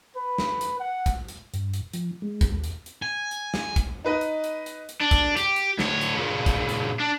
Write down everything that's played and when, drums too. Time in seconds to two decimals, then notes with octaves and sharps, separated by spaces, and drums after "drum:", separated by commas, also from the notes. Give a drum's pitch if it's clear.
0.16 B4
0.38 drum: snare
0.61 drum: hi-hat
0.80 F#5
1.06 drum: kick, hi-hat
1.28 drum: hi-hat
1.54 G2, drum: hi-hat
1.74 drum: hi-hat
1.93 F3, drum: hi-hat
2.22 G#3
2.41 drum: kick, hi-hat
2.50 D#2
2.64 drum: hi-hat
2.86 drum: hi-hat
3.02 G#5
3.31 drum: hi-hat
3.54 drum: snare
3.76 drum: kick, hi-hat
4.05 D#4 B4 D#5
4.21 drum: hi-hat
4.44 drum: hi-hat
4.66 drum: hi-hat
4.89 drum: hi-hat
5.00 D4
5.11 drum: kick, hi-hat
5.37 G4, drum: hi-hat
5.56 drum: hi-hat
5.79 D2 C#5, drum: snare
6.01 drum: hi-hat
6.15 A#2 C#3
6.46 drum: kick, hi-hat
6.69 drum: hi-hat
7.00 D4